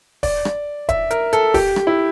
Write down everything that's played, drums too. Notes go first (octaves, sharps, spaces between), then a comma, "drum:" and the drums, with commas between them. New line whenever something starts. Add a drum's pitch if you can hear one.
D5, drum: kick D#1, open hi-hat
drum: rim click
E5, drum: kick D#1, hi-hat
A#4, drum: hi-hat
A4, drum: hi-hat
G4, drum: kick D#1, open hi-hat
drum: rim click
E4